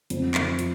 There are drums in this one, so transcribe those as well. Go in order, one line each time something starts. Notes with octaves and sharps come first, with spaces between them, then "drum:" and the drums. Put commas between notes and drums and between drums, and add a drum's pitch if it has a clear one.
F2, drum: hi-hat
F2, drum: clap
F3, drum: hi-hat